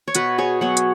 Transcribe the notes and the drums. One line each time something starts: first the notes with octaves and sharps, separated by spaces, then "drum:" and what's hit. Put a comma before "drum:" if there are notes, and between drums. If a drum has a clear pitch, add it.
C#5
B2 F#4 B4, drum: hi-hat
G#4 C#5
F#3 B3 C#5 F#5
drum: hi-hat